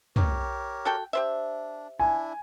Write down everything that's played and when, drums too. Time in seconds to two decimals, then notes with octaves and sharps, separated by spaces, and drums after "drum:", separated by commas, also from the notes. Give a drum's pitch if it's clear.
0.16 G4 A#4 C#5, drum: tom
0.85 F#4 A4 G5
1.13 D4 G4 C5 E5
1.99 D4 E4 G#5